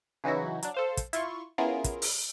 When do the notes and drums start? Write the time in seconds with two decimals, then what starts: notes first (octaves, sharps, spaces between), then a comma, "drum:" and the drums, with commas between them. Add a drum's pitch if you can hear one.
0.24 C#3 E3 F#3 D#4 E4 F#4
0.63 F#3 D4, drum: hi-hat
0.74 A4 C5 F5
0.97 drum: kick, hi-hat
1.13 E4 F4 C6 C#6, drum: hi-hat
1.58 B3 C#4 E4 F4 G#4 A#4
1.84 drum: kick, hi-hat
2.02 drum: open hi-hat